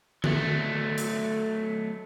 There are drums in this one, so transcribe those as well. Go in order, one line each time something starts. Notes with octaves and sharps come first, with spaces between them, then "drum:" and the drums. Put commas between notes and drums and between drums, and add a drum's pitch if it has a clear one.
F#3 A3, drum: tom D3
drum: hi-hat